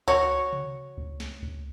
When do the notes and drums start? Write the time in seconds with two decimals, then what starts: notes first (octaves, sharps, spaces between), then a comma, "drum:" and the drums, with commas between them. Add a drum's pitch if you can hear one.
0.08 F#4 C#5, drum: kick C#2
0.53 drum: tom C3
0.98 drum: kick C#2
1.20 drum: snare
1.43 drum: kick C#2